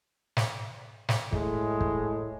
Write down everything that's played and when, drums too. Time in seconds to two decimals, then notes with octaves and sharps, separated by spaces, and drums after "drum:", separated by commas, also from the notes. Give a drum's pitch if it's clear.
0.37 drum: snare
1.09 drum: snare
1.33 A2 G#3, drum: kick
1.81 drum: kick